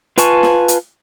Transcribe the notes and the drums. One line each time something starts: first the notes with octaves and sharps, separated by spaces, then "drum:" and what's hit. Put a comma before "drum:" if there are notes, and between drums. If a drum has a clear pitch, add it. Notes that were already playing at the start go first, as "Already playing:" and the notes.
F4 B4 G#5 A5 C#6, drum: hi-hat
drum: snare
drum: hi-hat